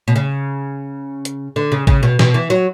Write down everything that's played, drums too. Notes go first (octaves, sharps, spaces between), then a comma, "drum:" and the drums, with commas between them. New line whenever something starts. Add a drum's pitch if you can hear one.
B2
C#3
drum: hi-hat
D3
C#3
C#3, drum: kick
B2
B2, drum: snare
E3
F#3